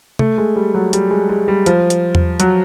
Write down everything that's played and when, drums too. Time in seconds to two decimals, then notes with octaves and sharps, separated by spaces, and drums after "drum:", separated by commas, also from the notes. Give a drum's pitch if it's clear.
0.19 A3, drum: tom C3
0.38 G#3
0.56 G3
0.74 F#3
0.93 G3, drum: hi-hat
1.11 G#3
1.29 G#3
1.48 G3
1.66 F3, drum: hi-hat
1.90 drum: hi-hat
2.15 drum: tom E2
2.40 F#3, drum: hi-hat